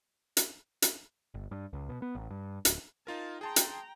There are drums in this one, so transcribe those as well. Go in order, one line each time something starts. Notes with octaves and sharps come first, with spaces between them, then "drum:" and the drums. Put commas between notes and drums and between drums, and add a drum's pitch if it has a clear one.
drum: hi-hat
drum: hi-hat
G1
G2
C#2
B2
B3
A1
G2
D1, drum: hi-hat
D#4 F4 A#4 A5
G#4 G5 A5 A#5 C6
drum: hi-hat